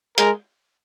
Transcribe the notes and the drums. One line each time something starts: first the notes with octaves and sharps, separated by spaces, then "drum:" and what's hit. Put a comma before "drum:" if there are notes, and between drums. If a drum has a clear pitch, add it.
G#3 A#4, drum: hi-hat